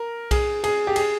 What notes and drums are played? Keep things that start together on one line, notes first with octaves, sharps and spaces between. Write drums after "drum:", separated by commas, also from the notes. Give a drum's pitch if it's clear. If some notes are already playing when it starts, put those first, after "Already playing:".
Already playing: A#4
G#4, drum: kick B1, cymbal
G#4, drum: cymbal
G4
G#4, drum: cymbal